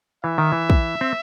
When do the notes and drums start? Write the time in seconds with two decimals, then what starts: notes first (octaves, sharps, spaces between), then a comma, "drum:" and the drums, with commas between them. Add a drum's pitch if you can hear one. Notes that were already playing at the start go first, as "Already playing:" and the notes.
0.24 E3 E5
0.38 D#3
0.52 E3
0.70 drum: kick
1.01 C4